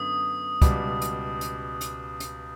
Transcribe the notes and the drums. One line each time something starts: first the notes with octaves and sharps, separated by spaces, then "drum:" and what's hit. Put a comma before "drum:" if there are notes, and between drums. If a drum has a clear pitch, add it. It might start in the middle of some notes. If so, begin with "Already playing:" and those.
Already playing: F#2 D3 B3 D#6
C#2 B2 G3, drum: kick, hi-hat
drum: hi-hat
drum: hi-hat
drum: hi-hat
drum: hi-hat